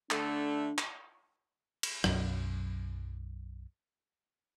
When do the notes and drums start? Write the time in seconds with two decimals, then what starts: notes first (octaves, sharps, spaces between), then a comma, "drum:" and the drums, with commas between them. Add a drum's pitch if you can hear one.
0.11 D3 A3 D4, drum: clap
0.78 drum: clap
1.83 drum: cymbal
2.04 B1 F#2 F#3, drum: rim click